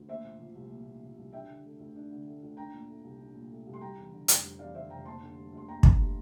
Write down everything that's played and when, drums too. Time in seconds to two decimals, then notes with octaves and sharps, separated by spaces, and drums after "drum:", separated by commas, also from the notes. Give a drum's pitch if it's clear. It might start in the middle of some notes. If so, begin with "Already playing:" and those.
Already playing: D2
0.09 A#3 C5 E5
0.24 A#2
0.39 F3
0.55 C2
0.71 A#3
0.86 A#2
1.02 F3
1.17 C2
1.33 D4 E5 G5
1.49 D3
1.64 A3
1.79 D2
1.96 D4
2.10 D3
2.26 A3
2.42 D2
2.57 D4 G5 A#5
2.73 A#2
2.88 A3
3.04 C2
3.20 D4
3.35 A#2
3.51 A3
3.67 C2
3.74 C6
3.81 G3 G5 A#5
3.97 E2
4.12 D3
4.28 F1, drum: hi-hat
4.44 G3
4.59 E2 D5 F5
4.75 D3 C5 E5
4.90 F1 G5 A#5
5.05 A#3 A5 C6
5.22 D3
5.38 G3
5.53 D2 C6
5.68 A#3 G5 A#5
5.83 D3, drum: kick
6.00 G3